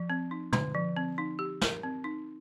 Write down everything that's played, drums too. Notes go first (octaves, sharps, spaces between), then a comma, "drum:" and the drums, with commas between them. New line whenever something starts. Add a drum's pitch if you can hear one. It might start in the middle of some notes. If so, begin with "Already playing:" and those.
Already playing: F3
C4
D#4
D3, drum: tom
F3
C4
D#4
G4
A#4, drum: snare
C4
D#4